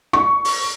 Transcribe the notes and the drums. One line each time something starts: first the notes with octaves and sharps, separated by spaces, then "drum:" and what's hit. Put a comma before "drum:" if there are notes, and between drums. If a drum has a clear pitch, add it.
C#6, drum: rim click
drum: open hi-hat